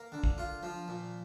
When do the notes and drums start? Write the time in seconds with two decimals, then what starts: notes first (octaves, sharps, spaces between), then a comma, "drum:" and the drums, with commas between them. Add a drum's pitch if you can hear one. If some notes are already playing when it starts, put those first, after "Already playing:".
Already playing: A#3
0.12 D3
0.24 drum: kick
0.38 F4
0.63 F3
0.88 A#2